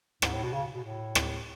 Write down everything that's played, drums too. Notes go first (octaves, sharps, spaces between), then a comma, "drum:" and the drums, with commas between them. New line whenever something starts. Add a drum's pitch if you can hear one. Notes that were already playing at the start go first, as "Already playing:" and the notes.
G#2, drum: rim click
A2
B2
C#3
B2
A2
drum: rim click